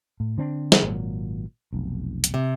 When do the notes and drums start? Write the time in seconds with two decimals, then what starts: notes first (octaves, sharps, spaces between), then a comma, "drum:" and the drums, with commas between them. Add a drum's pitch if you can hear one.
0.20 A2
0.38 D3 C4 D4
0.72 drum: snare
0.83 G#1 A#2 F#3
1.73 F1 B1
2.24 drum: hi-hat
2.34 C3